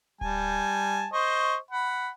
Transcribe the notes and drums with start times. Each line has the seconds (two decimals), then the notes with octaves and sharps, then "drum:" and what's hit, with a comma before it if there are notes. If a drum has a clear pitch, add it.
0.21 G3 G#5 A5, drum: kick D1
1.13 C5 D#5 C#6
1.71 F#5 B5